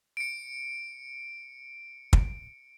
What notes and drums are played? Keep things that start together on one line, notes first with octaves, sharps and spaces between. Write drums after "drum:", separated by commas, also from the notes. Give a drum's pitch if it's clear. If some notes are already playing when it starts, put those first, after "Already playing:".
C#7 D7
drum: kick